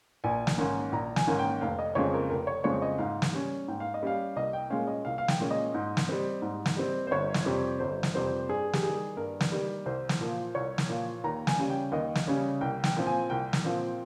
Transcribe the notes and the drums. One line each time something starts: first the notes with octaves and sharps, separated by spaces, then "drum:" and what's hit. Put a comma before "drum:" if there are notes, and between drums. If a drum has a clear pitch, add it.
A#1 G#5
drum: snare
G#2 D#3 A#3 C#4
A#1 A#5
G#5, drum: snare
G#2 D#3 A#3 C#4
G5
F1 F5
D#5
F2 C#3 G#3 C4 C#5
A#4
F1 A#4
C#5
F2 C#3 G#3 C4 C#5
D#5
G#2 F5
drum: snare
G3 C#4
G#2 G5
F5
D#5
G3 C#4 F5
C2 D#5
G5
A#2 G#3 C#4 F5
D#5
C2 F5
F5
G5, drum: snare
A#2 G#3 C#4
D#5
G#2
drum: snare
G3 C4
G#2
drum: snare
G3 C4
C5
G1 C#5
drum: snare
F2 C3 G3 C4
G1 C5
drum: snare
F2 C3 G3 C4 C5
G2 G#4
G4, drum: snare
G3 G#4
D#3
G2 A#4
drum: snare
D#3 G3
C2 C5
drum: snare
A#2 F3
C2 C#5
drum: snare
A#2 F3
D#2 A#5
G#5, drum: snare
C#3 G3 C#4
G5
D#2 D#5
drum: snare
C#3 G3 C#4
C2 G5
G5, drum: snare
A#2 F3 C4
G#5
C2 G5
drum: snare
A#2 F3 C4